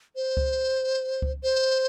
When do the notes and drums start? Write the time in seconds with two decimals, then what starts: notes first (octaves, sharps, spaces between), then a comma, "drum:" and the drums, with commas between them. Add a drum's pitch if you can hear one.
0.16 C5
0.37 drum: kick C#2
1.22 drum: kick C#2
1.43 C5